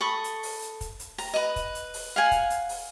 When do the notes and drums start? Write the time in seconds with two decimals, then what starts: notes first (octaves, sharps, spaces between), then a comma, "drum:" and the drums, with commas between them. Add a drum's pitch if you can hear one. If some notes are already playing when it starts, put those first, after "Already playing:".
0.01 A4 B5 C#6 D#6
0.24 drum: hi-hat
0.43 drum: open hi-hat
0.62 drum: hi-hat
0.81 drum: kick, hi-hat
1.00 drum: hi-hat
1.18 A#5, drum: open hi-hat
1.34 B4 D#5
1.56 drum: kick, hi-hat
1.75 drum: hi-hat
1.94 drum: open hi-hat
2.16 F5 F#5 G#5
2.31 drum: kick, hi-hat
2.50 drum: hi-hat
2.69 drum: open hi-hat